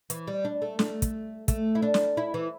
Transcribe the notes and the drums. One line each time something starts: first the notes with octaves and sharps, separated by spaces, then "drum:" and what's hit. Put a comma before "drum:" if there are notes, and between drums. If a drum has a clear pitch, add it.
E3, drum: hi-hat
G3
D4
A3
A3, drum: snare
drum: kick, hi-hat
A3, drum: kick, hi-hat
E4
D4
drum: snare
E4
E3